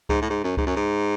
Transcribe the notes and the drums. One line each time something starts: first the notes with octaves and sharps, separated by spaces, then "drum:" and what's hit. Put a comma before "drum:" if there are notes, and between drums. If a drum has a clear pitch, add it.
G#2, drum: kick C#2
A2
G#2
F#2
G#2, drum: kick C#2
F#2
G#2